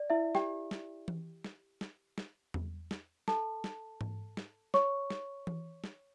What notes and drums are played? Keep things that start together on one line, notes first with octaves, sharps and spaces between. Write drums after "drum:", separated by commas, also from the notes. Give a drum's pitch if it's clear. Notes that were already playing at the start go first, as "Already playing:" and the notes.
Already playing: D5
E4 E5
G4 G5, drum: snare
drum: snare
drum: tom E3
drum: snare
drum: snare
drum: snare
drum: tom E2
drum: snare
A4 A5, drum: snare
drum: snare
drum: tom G#2
drum: snare
C#5 C#6, drum: snare
drum: snare
drum: tom E3
drum: snare